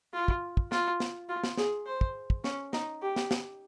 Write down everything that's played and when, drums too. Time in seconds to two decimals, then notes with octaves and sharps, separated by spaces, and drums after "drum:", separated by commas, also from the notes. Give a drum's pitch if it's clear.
0.14 F4
0.28 drum: kick
0.57 drum: kick
0.72 F4, drum: snare
1.00 drum: snare
1.29 F4
1.44 drum: snare
1.57 G#4, drum: snare
1.86 C5
2.01 drum: kick
2.30 drum: kick
2.44 C#4, drum: snare
2.73 D#4, drum: snare
3.02 G4
3.16 drum: snare
3.31 drum: snare